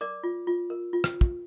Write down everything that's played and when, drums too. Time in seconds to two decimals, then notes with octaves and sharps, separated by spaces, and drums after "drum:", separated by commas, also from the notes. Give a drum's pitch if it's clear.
0.01 A#4 D5 D6
0.23 F4
0.47 F4
0.70 A#4
0.93 F4
1.04 drum: rim click
1.21 drum: kick